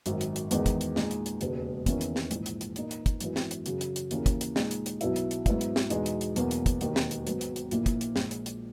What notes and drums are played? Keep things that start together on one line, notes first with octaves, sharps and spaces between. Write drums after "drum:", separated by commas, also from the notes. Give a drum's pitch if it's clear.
G#1 F#2 D#3, drum: hi-hat
drum: hi-hat
drum: hi-hat
E2 D#3 G#3 D#4, drum: hi-hat
drum: kick, hi-hat
drum: hi-hat
A#2 G#3 D#4, drum: snare
drum: hi-hat
drum: hi-hat
E1 D#2 C#3 G#3 B3, drum: hi-hat
E2 D#3 A#3 C#4 E4, drum: kick, hi-hat
drum: hi-hat
drum: snare
A#1 G#2 E3, drum: hi-hat
drum: hi-hat
drum: hi-hat
A#2 A#3 D#4, drum: hi-hat
drum: hi-hat
drum: kick, hi-hat
G#1 F#2 E3 B3, drum: hi-hat
drum: snare
drum: hi-hat
F#2 C#3 F#3, drum: hi-hat
drum: hi-hat
drum: hi-hat
D#2 C#3 E3 A#3 C#4, drum: hi-hat
drum: kick, hi-hat
drum: hi-hat
A#2 G#3 D#4, drum: snare
drum: hi-hat
drum: hi-hat
B1 B2 F#3 B3 E4, drum: hi-hat
drum: hi-hat
drum: hi-hat
G#2 F#3 B3 E4, drum: kick, hi-hat
drum: hi-hat
drum: snare
E2 B2 G#3 D#4, drum: hi-hat
drum: hi-hat
drum: hi-hat
E2 B2 F#3 A#3, drum: hi-hat
drum: hi-hat
drum: kick, hi-hat
E1 D#2 D#3, drum: hi-hat
drum: snare
drum: hi-hat
G#1 G#2 F#3 B3, drum: hi-hat
drum: hi-hat
drum: hi-hat
A#1 A#2 A#3 E4, drum: hi-hat
drum: kick, hi-hat
drum: hi-hat
A#1 A#2 G#3, drum: snare
drum: hi-hat
drum: hi-hat